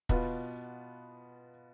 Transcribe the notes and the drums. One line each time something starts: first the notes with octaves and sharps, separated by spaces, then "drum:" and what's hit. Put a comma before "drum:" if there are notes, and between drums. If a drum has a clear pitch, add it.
B2 B3 F4, drum: kick